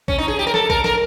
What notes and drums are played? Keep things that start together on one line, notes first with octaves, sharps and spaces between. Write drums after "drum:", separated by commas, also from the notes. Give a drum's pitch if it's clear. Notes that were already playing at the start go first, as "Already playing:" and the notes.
C#4, drum: kick
D#4
G#4
G4
A#4
A4, drum: snare
A#4, drum: kick
A#4, drum: snare